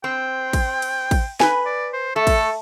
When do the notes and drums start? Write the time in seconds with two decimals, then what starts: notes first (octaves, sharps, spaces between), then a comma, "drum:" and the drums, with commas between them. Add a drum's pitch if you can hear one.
0.04 C4 G5
0.53 drum: kick, cymbal
0.82 drum: cymbal
1.11 drum: kick, cymbal
1.40 B4 G#5, drum: snare D#4
1.66 D5
1.93 C5
2.16 A3 A4
2.27 drum: kick, cymbal